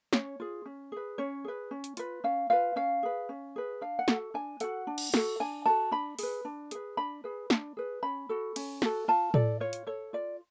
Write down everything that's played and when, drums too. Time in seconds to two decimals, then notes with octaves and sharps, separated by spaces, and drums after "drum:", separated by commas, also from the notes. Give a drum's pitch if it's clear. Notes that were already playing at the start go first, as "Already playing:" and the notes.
0.13 C#4 C#5, drum: snare
0.40 F4 G#4
0.66 C#4
0.92 G#4 B4
1.18 C#4 C#5
1.44 G#4 B4
1.71 C#4
1.84 drum: hi-hat
1.97 F4 B4, drum: hi-hat
2.24 C#4 F5
2.50 F4 B4 F5
2.76 C#4 F5
3.03 G#4 B4
3.29 C#4
3.56 G#4 B4
3.81 D4 F5
3.99 F#5
4.08 F#4 A4, drum: snare
4.34 D4 G#5
4.60 F#4 A4 F#5, drum: hi-hat
4.87 D4
4.98 drum: cymbal
5.14 F#4 A4, drum: snare
5.40 D4 G#5
5.66 F#4 A4 A5
5.91 D4 B5
6.19 G#4 B4, drum: open hi-hat
6.45 D4
6.71 G#4 B4, drum: hi-hat
6.97 D4 B5
7.24 G#4 B4
7.50 D4, drum: snare
7.77 G#4 B4
8.03 C#4 B5
8.29 F#4 A4
8.56 C#4, drum: cymbal
8.82 F#4 A4, drum: snare
9.08 F4 A5
9.34 A4 D5, drum: tom A2
9.60 F4 C#5
9.73 drum: hi-hat
9.87 A4 C#5
10.13 F4 D5